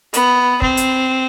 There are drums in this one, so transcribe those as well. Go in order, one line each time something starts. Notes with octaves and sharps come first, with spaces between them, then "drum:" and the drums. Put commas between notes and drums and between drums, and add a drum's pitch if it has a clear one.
B3, drum: hi-hat
C4, drum: kick
drum: hi-hat